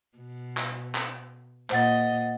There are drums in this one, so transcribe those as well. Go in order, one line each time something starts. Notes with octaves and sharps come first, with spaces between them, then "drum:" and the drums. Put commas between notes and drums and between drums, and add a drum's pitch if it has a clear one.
B2
drum: clap
drum: clap
A#2 C5 D#5 F#5 A6, drum: clap